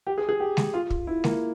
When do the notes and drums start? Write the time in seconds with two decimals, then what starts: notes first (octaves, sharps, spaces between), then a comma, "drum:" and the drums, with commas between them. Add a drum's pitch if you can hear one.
0.07 G4
0.18 G#4
0.29 G#4
0.40 G4
0.57 drum: snare G#3
0.74 F4
0.90 drum: kick
1.07 E4
1.24 A#3, drum: snare G#3